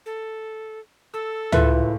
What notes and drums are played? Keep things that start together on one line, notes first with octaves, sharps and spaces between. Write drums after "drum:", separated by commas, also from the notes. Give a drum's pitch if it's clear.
A4
A4 E6
C#2 A2 A3 E4 F4 B4 E5, drum: tom C#2